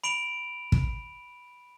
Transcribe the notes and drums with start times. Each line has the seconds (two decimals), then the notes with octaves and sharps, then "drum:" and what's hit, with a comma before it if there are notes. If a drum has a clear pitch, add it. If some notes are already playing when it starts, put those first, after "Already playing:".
0.04 B5 D7 F7 F#7
0.72 drum: kick